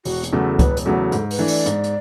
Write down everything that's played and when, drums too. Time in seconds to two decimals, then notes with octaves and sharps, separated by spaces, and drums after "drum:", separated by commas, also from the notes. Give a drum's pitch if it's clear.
0.05 E1 F#4, drum: open hi-hat
0.23 drum: hi-hat
0.32 E2 C#3 F#3 A3 A4
0.59 E1 B4, drum: kick C#2, hi-hat
0.77 drum: hi-hat
0.86 E2 C#3 F#3 A3 A4
1.12 G#2 A4, drum: hi-hat
1.30 B4, drum: open hi-hat
1.38 E3 A3 D4
1.48 D5, drum: open hi-hat
1.66 G#2, drum: hi-hat
1.84 drum: hi-hat